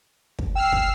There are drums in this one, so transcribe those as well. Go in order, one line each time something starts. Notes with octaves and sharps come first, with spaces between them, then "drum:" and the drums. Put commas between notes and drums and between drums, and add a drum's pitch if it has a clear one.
drum: kick
G5 E6 F6 C7
drum: kick